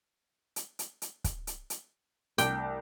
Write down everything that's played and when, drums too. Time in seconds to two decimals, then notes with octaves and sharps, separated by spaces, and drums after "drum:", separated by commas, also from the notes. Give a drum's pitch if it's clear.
0.56 drum: hi-hat
0.79 drum: hi-hat
1.02 drum: hi-hat
1.24 drum: kick, hi-hat
1.47 drum: hi-hat
1.70 drum: hi-hat
2.38 C2 G5 D6, drum: hi-hat